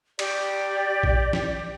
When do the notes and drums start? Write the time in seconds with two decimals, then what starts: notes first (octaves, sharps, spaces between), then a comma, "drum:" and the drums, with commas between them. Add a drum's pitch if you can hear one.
0.19 G4 D5, drum: cymbal
1.03 drum: kick A#1
1.33 drum: snare